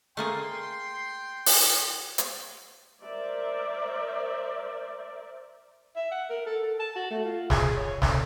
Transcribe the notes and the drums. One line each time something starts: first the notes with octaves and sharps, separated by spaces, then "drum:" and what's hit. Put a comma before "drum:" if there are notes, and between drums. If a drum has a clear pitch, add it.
A3 A#3 G#4 G5 C6
drum: open hi-hat
drum: hi-hat
A#4 C5 D5 E5
E5
F#5
A#4
A4
A4
A5
F#4
A3
F4
G#4, drum: snare
C#5
D3, drum: snare